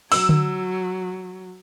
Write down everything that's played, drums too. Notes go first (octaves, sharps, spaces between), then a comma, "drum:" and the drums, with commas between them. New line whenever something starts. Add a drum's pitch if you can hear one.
F#3 E6, drum: open hi-hat
drum: tom D3